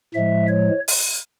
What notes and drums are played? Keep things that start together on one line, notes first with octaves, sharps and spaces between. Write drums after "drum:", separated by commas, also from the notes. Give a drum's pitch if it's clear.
A2 F3 G#3 E5
C#5
drum: open hi-hat